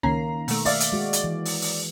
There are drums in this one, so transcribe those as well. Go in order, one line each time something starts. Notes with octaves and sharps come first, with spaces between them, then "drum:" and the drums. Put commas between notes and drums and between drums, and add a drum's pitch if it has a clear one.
C#2 D#3 A#3 C#4 A#5 C7
B2 A3, drum: open hi-hat
D5 E5 F5 A6, drum: open hi-hat
drum: hi-hat
G#3 F#4
drum: hi-hat
E3
drum: open hi-hat
drum: open hi-hat